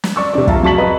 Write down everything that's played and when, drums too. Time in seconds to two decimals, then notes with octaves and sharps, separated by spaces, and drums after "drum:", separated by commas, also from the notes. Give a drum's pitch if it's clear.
0.04 drum: snare
0.16 D5 C#6 E6
0.34 C3 E3 D4 D5
0.47 F4 E5 A5 A#5, drum: kick
0.63 F#3 A5 C#6 B6 F#7
0.78 B4 D#5 A#5